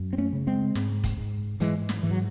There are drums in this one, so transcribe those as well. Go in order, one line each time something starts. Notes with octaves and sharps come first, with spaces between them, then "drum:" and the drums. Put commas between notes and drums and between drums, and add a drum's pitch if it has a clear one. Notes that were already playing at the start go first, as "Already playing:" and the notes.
Already playing: F#2
C4
A3 C#4
C#3
G#3 C4
G#2, drum: snare
drum: kick, hi-hat
G#2
G#2 E3 G#3, drum: hi-hat
drum: snare
G#2 E3
F#3